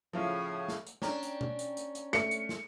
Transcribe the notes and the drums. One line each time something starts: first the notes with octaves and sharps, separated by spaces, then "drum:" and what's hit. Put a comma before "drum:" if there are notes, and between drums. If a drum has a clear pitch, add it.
A2 C#3 F3 E4 F4
drum: snare
drum: hi-hat
C#4 D4 G5 A#5, drum: snare
drum: hi-hat
drum: tom
drum: hi-hat
drum: hi-hat
drum: hi-hat
A3 C#7, drum: snare
drum: hi-hat
drum: snare